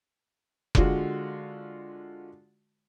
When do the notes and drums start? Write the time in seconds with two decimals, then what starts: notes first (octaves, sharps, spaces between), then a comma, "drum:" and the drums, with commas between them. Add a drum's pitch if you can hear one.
0.75 D3 G#3 F4 F#4, drum: kick F1